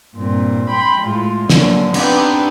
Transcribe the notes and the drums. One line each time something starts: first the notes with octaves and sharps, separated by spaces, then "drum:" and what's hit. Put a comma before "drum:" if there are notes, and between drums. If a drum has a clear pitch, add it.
G2 A#2 C4
G5 B5 C6
A2 G#3 F4
B2 D3 F3 F#3 A#3 C#4, drum: snare
B3 C4 D4 D#4 G4 B4, drum: cymbal